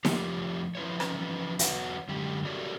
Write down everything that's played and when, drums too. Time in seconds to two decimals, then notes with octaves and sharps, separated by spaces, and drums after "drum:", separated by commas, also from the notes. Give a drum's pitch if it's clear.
0.05 F2 A2 F3 F4 G4, drum: snare D#4
0.75 F3 E4 B4 C#5
1.00 E3 F3 C#4 D#4 B4, drum: rim click
1.59 E2 F#4 B4 C#5 F#5, drum: hi-hat
2.08 F#2 D3 G#3 G4
2.45 F#4 G4 A4 A#4 C#5 D5